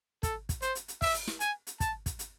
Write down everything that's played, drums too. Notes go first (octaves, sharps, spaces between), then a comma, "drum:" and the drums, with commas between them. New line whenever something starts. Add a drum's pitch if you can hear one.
A4, drum: kick, hi-hat
drum: kick, hi-hat
C5, drum: hi-hat
drum: hi-hat
drum: hi-hat
E5, drum: kick, open hi-hat
drum: hi-hat
drum: snare
G#5, drum: hi-hat
drum: hi-hat
A5, drum: kick, hi-hat
drum: kick, hi-hat
drum: hi-hat